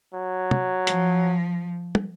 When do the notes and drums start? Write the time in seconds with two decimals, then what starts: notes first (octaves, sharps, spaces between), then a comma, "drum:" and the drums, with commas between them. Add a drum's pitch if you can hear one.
0.14 F#3
0.51 drum: tom
0.87 F3, drum: hi-hat
1.95 drum: tom